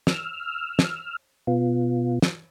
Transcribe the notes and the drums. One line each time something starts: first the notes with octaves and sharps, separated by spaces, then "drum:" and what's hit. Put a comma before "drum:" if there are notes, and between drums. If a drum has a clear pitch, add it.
E6 F6, drum: snare
drum: snare
B2 B3 F4
drum: snare